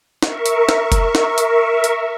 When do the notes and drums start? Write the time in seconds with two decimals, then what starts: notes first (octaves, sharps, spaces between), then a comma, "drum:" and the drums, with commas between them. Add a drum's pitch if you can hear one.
0.23 A#4 E5 C#6, drum: snare
0.46 drum: hi-hat
0.69 drum: snare
0.92 drum: kick F1, hi-hat
1.15 drum: snare
1.38 drum: hi-hat
1.84 drum: hi-hat